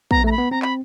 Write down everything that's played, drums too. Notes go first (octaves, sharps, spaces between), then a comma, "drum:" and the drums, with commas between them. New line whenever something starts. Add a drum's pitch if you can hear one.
B3 A#5, drum: kick
A3 A#5
B5
B3
C4 A#5
B5, drum: clap